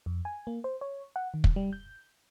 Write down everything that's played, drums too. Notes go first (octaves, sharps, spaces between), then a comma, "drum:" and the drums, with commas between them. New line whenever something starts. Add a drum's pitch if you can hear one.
F2
G#5
A#3
C5
C#5
F#5
D#3
drum: kick
G3
G6